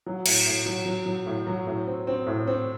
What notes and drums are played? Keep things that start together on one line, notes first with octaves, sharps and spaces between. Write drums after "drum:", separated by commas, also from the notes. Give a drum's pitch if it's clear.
F#3
A2, drum: cymbal
A2
F#3
F#3
F#3
A2
F#3
A2
C4
C4
A2
C4